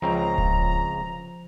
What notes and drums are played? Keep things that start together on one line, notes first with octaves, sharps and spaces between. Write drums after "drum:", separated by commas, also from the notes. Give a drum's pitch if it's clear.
C#2 C#3 F3 C4 A#5
drum: kick D1